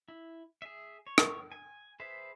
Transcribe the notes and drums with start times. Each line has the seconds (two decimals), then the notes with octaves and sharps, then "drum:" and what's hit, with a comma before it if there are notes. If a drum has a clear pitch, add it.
0.08 E4
0.62 G#4 E5
1.07 C#5
1.18 drum: rim click
1.52 G#5
2.00 G#4 B4 C5 E5